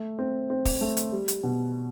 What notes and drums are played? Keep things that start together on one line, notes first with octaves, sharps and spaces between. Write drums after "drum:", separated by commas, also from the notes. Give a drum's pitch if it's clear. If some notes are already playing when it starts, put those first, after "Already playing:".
Already playing: A3
C4
C4
drum: kick, open hi-hat
A3
drum: hi-hat
G3
drum: hi-hat
B2